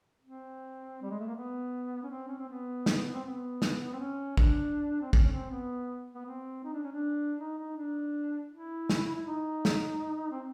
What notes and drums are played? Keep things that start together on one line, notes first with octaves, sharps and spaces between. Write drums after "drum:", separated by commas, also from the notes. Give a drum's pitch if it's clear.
C4
G3
G#3
A3
A#3
B3
C#4
C4
C#4
C4
B3
drum: snare
C4
B3
drum: snare
C4
C#4
D4, drum: kick
C4
C#4, drum: kick
C#4
C4
B3
B3
C4
D#4
D4
C#4
D4
D#4
D#4
D4
E4
drum: snare
E4
D#4
drum: snare
C4